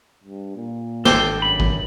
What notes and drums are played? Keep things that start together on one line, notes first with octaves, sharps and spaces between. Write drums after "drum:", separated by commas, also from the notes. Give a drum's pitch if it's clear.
G2
A#2
G#1 G2 A4 G5 C6 D6, drum: snare
F#2 B5
drum: kick